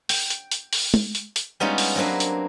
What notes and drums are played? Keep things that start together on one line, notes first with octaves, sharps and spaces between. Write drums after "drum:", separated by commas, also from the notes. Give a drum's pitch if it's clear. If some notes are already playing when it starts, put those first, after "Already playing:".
G5, drum: open hi-hat
drum: hi-hat
drum: hi-hat
drum: open hi-hat
drum: tom
drum: hi-hat
drum: hi-hat
G3 G#3 B3 C#4 D#4 F4
drum: open hi-hat
F#3 A#3 C4 D4 B4
drum: hi-hat